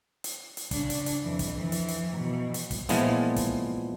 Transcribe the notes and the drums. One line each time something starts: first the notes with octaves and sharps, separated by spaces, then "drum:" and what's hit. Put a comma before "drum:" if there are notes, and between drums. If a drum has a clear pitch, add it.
drum: hi-hat
drum: hi-hat
C#3 D4, drum: kick, hi-hat
drum: hi-hat
drum: hi-hat
F2 E3
drum: kick, hi-hat
E3 F3
drum: hi-hat
drum: hi-hat
B2 E3
drum: hi-hat
drum: kick, hi-hat
A#2 E3 F3 G#3 B3, drum: hi-hat
drum: kick, hi-hat